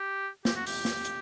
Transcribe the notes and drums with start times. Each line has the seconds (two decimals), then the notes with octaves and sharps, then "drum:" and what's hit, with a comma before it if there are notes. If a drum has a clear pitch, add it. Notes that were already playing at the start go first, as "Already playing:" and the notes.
Already playing: G4
0.45 G4, drum: snare
0.56 F#4
0.66 G4, drum: open hi-hat
0.85 drum: snare
1.05 drum: hi-hat